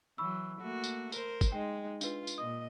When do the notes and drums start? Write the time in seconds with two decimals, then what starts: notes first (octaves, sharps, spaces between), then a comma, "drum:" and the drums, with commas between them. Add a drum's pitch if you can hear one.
0.18 E3 F#3 B5 C#6 E6
0.61 A3 A#3 F#4
0.84 drum: tambourine
1.12 A#4 C5, drum: tambourine
1.41 drum: kick, tambourine
1.52 G#3 D#4 G5
2.01 D4 F4 B4, drum: tambourine
2.27 drum: tambourine
2.38 A#2 D#5 D#6